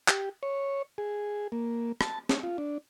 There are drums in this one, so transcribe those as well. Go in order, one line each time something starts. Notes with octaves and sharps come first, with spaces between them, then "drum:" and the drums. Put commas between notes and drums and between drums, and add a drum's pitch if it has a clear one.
G4, drum: clap
C#5
G#4
A#3
A5, drum: rim click
C#4, drum: snare
F4
D4